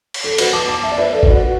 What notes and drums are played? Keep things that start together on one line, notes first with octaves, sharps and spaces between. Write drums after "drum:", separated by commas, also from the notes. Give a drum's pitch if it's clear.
drum: cymbal
A4
F#4 B4, drum: cymbal
A5 D6
A5 D6
E5 A5
D5
B4 E5
A4 D5
D5, drum: kick
F#4 B4
F#4